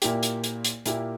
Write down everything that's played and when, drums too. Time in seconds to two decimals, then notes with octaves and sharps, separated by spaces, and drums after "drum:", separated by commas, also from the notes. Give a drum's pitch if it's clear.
0.02 A#2 A#3 E4 G4, drum: hi-hat
0.23 drum: hi-hat
0.44 drum: hi-hat
0.65 drum: hi-hat
0.86 A#2 A#3 E4 G4, drum: hi-hat